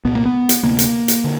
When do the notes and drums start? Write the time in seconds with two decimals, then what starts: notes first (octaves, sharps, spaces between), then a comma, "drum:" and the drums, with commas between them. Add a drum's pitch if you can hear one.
0.05 C2 A#2 B3
0.15 A#3
0.25 B3
0.49 drum: hi-hat
0.63 D2 C3 A#3
0.79 drum: hi-hat
1.08 drum: hi-hat
1.24 D3